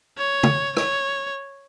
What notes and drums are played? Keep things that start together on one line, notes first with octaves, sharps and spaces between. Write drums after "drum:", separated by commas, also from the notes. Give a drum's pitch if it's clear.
C#5
drum: tom
C#5, drum: rim click